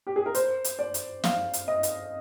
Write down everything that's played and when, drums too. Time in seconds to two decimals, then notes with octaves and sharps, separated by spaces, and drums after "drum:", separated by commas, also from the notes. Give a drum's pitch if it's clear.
0.07 G4
0.16 G#4
0.26 A#4
0.35 C5, drum: hi-hat
0.64 drum: hi-hat
0.79 D5
0.94 drum: hi-hat
1.24 F5, drum: snare
1.53 drum: hi-hat
1.68 D#5
1.83 drum: hi-hat